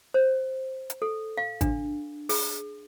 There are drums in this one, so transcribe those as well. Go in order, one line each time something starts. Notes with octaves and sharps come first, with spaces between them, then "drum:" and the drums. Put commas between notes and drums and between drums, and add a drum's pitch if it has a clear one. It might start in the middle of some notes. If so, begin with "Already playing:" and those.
C5
drum: hi-hat
A4
F5
D4, drum: kick G#1, hi-hat
G#4, drum: open hi-hat